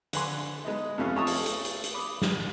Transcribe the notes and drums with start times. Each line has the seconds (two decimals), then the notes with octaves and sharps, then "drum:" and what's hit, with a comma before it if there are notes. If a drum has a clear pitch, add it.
0.13 D3 B4 G#5 C6, drum: hi-hat
0.65 G#3 B3 D#4
0.98 F2 C3 A3 B3 C#4 F5
1.15 A3 F4 C#5 D#5 A5 D#6
1.27 drum: open hi-hat
1.46 drum: hi-hat
1.65 drum: hi-hat
1.84 drum: hi-hat
1.94 B5 D6 D#6
2.22 drum: snare